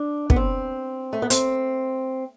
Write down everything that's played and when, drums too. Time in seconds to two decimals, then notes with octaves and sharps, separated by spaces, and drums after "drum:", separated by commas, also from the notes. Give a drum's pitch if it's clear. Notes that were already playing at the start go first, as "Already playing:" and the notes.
Already playing: D4
0.30 B3, drum: kick
0.36 C4
1.13 A3
1.22 B3
1.30 C4, drum: hi-hat